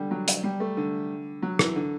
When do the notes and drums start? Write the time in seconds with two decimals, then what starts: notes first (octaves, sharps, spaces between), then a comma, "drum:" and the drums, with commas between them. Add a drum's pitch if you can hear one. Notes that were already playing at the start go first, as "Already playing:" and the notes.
Already playing: D3 G3
0.11 F#3
0.28 drum: hi-hat
0.43 G3
0.60 A3
0.77 D3
1.42 F#3
1.59 E3, drum: rim click
1.76 D3